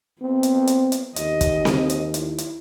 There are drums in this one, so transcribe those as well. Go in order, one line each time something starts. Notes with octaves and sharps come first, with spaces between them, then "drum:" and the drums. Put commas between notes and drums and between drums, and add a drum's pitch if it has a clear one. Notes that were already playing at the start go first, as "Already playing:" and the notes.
B3 C4
drum: hi-hat
drum: hi-hat
drum: hi-hat
D#2 D#5, drum: hi-hat
drum: kick, hi-hat
drum: snare C4
drum: hi-hat
E4, drum: hi-hat
drum: hi-hat